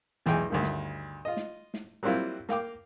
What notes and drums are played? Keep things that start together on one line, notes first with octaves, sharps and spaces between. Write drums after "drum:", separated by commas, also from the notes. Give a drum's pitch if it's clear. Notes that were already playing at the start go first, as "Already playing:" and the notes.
B1 E2 G#3 G5 G#5, drum: snare
D2 G2 D#3
drum: snare
F4 D#5
drum: snare
drum: snare
F#3 G3 A#3 C4 E4 F4
A#3 F5 G5 D6, drum: snare